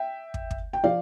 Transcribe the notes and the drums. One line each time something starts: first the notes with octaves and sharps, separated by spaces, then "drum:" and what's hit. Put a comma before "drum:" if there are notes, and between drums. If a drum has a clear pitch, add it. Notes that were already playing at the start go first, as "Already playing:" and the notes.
Already playing: E5 G5
drum: kick
drum: kick
G5
F3 D5 F5